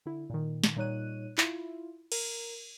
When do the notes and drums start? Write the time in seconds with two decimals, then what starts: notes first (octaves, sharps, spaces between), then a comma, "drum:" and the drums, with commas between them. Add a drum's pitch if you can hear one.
0.06 D3 E4
0.30 A#2 D#3
0.64 drum: snare
0.76 A#2 G3 D#4 C#5 F#6 D#7
1.38 E4 F4, drum: clap
2.12 A#4, drum: cymbal